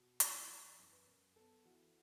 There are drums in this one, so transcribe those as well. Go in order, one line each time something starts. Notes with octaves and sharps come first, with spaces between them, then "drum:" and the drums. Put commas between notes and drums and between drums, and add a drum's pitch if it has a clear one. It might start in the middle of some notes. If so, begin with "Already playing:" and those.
Already playing: B2
E2, drum: hi-hat
E3
F#2
B4
F#2
B3 A4
E3 F#4